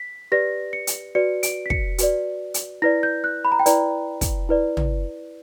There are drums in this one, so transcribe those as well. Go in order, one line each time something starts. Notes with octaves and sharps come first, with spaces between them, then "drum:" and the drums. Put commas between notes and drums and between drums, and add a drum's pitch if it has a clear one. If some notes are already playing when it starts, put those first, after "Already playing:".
Already playing: B6
G4 B4 D5 A#6
C#7
drum: hi-hat
F#4 B4 D5 C#7
D7, drum: hi-hat
B6
C#7, drum: kick
F#4 B4 D5, drum: hi-hat
drum: hi-hat
E4 B4 D5 A#6
G6
F#6
B5
A#5
G5
E4 B4 D5 A#5, drum: hi-hat
drum: kick, hi-hat
E4 B4 D5
drum: tom